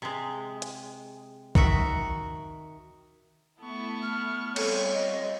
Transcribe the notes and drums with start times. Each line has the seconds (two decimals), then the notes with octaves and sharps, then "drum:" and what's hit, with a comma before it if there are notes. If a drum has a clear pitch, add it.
0.02 C3 G#3
0.62 drum: hi-hat
1.55 D#3 F#4 E5, drum: kick
3.62 A3 B3 E4 A4 C#6
4.02 F6
4.56 G3 C4 F4 A4 C#5, drum: cymbal
4.93 D#5